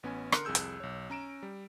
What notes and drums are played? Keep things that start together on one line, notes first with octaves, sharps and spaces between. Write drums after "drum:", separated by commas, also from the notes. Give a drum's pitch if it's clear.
A1 B3 C#4 G#5
D3 A#4 C6 F#6 C#7 D7, drum: rim click
C2 F2 G#4 E6 G6
drum: hi-hat
B1 C#5
C#4 A#5 D7 E7
G3